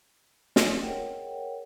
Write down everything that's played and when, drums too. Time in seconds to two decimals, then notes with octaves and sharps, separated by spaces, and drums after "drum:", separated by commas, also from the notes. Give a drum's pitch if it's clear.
0.56 drum: snare
0.80 G#4 A#4 C#5 D#5 F#5 G5